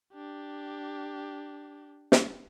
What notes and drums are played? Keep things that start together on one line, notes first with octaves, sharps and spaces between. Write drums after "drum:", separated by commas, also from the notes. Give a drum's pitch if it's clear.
D4 G4
drum: snare